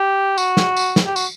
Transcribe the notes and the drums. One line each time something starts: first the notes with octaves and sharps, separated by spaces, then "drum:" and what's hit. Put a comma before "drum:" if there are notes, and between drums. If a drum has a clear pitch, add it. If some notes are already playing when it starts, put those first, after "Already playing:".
Already playing: G4
F#4, drum: tambourine
drum: snare
drum: tambourine
drum: snare
G4
F#4, drum: tambourine